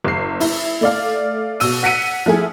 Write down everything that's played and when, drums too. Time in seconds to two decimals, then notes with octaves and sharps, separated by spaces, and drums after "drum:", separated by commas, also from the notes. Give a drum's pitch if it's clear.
0.04 F#1 C7
0.40 E4, drum: open hi-hat
0.81 A3 D5 F5
1.60 B2 E6 D#7, drum: open hi-hat
1.83 F#5 B6 C#7 D#7
2.26 F3 A3 E4 G#4